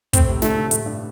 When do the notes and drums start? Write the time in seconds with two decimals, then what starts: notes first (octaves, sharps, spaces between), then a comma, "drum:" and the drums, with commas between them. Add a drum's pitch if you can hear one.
0.13 A2 C4, drum: kick, hi-hat
0.28 C3
0.42 D3 A3, drum: snare
0.57 C3
0.71 A2, drum: hi-hat
0.86 G2